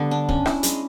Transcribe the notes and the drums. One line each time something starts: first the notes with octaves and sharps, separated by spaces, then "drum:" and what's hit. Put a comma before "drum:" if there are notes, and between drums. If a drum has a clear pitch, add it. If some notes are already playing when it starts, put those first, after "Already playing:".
Already playing: D3 G3 B3
D4
C#4, drum: kick
E4, drum: rim click
G#3, drum: hi-hat